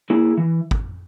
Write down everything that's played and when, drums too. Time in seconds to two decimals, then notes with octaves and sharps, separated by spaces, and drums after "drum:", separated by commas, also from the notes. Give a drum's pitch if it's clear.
0.10 A#3 E4 G#4
0.37 E3
0.71 drum: kick